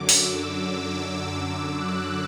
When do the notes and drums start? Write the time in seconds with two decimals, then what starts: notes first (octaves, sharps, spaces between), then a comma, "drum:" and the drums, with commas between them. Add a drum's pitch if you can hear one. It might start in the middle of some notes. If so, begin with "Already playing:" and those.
Already playing: F#2 D3 F#3 D6
0.09 E6, drum: open hi-hat
1.72 F#6